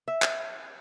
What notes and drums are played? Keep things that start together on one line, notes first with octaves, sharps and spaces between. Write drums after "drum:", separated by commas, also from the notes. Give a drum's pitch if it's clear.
E5
drum: clap